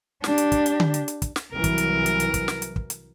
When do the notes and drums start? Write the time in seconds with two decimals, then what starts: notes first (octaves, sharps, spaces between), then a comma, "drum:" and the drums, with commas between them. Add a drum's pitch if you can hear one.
0.24 D4 G4, drum: snare
0.38 drum: hi-hat
0.52 drum: kick, hi-hat
0.66 drum: hi-hat
0.80 drum: tom D3
0.94 drum: hi-hat
1.08 drum: hi-hat
1.22 drum: kick, hi-hat
1.36 drum: snare
1.53 C2 E3 F#3 A#4
1.64 drum: kick, hi-hat
1.78 drum: hi-hat
2.06 drum: hi-hat
2.20 drum: hi-hat
2.34 drum: kick, hi-hat
2.48 drum: snare
2.62 drum: hi-hat
2.76 drum: kick
2.90 drum: hi-hat